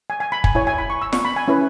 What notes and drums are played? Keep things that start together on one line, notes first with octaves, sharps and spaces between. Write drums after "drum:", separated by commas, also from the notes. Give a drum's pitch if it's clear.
G#5
G#5
B5
G#5, drum: kick
E4 C#5 G#5
G#5
B5
C#6
E6
C#6, drum: snare
B5
G#5
C#4 E4 B4